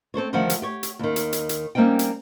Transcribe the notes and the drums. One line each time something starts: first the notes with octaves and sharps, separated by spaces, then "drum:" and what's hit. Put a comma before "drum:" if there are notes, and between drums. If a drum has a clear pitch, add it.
C4 A4 C5 C#5
D2 D#3 F3 G3 F#5
drum: hi-hat
G4 C#5
drum: hi-hat
D#2 D#3
drum: hi-hat
drum: hi-hat
drum: hi-hat
G3 A#3 C4 C#4 D#4 G5
drum: hi-hat